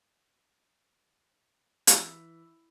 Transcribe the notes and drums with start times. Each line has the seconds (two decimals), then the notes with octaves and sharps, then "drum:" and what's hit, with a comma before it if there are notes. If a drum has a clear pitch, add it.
1.87 E3, drum: hi-hat